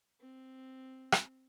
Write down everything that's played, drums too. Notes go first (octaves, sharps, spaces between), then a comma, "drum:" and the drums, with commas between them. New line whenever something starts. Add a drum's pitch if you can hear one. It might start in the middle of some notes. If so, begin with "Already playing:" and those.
C4
drum: rim click